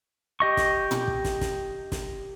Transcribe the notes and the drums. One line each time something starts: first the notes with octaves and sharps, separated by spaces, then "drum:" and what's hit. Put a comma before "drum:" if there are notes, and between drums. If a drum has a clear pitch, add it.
G4 D#5 C#6
drum: snare
drum: tom
drum: kick
drum: snare
drum: snare
drum: snare